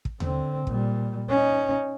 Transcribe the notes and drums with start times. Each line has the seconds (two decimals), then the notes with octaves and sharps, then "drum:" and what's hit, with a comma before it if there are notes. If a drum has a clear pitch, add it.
0.05 drum: kick
0.20 D3 C4, drum: tom D#2
0.67 A#2 G3, drum: kick
1.29 C#4 D#4